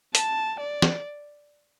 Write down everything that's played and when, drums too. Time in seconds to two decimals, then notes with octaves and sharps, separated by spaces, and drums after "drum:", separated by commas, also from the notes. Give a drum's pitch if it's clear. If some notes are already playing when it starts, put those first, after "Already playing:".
0.15 A5, drum: hi-hat
0.60 D5
0.82 drum: snare